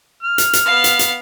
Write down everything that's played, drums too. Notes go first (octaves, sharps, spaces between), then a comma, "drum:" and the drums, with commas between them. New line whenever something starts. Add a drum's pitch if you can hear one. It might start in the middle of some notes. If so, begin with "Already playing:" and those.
F6
drum: hi-hat
drum: hi-hat
B3 F5
drum: hi-hat
drum: hi-hat